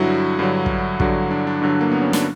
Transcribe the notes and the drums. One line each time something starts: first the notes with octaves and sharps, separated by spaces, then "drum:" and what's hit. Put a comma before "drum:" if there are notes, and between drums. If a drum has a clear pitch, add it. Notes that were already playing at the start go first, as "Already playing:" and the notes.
Already playing: G2 D3 F#3 E4 F#4
G2 D3 F#3
drum: kick
G2 D3 F#3 F#4, drum: kick
D4
D4
G2 D3 F#3
A#3
B3
C#4
D4, drum: snare